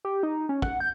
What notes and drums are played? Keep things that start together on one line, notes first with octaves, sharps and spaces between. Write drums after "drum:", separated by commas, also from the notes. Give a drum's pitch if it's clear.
G4
D#4
C#4
F#5, drum: kick
G6